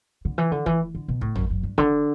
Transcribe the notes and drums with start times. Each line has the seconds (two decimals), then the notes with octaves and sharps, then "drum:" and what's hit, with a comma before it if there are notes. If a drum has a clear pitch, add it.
0.25 D3
0.38 E3
0.52 D3
0.66 E3, drum: kick
0.95 D3
1.08 B2
1.21 A2, drum: kick
1.36 F#2, drum: tom
1.50 F#2
1.63 G2
1.78 D3, drum: kick